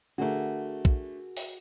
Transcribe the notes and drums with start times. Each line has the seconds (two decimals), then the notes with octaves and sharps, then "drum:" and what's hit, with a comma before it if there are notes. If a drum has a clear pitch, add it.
0.18 D3 A3 F#4 G#4 A#4
0.85 drum: kick
1.37 drum: open hi-hat